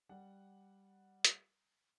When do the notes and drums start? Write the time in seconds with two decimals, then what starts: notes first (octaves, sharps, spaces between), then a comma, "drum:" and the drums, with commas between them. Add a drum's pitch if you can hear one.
0.09 G3 F#5
1.24 drum: hi-hat